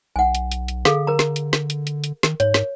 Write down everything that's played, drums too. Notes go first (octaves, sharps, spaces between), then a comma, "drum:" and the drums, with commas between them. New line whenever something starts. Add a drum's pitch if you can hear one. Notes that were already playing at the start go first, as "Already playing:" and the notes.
B1 F#5 G#5
drum: hi-hat
drum: hi-hat
drum: hi-hat
D3 G#4 A4 F5, drum: snare
A#4 A#5
drum: snare
drum: hi-hat
drum: snare
drum: hi-hat
drum: hi-hat
drum: hi-hat
D#3, drum: snare
G#2 C#5, drum: hi-hat
drum: snare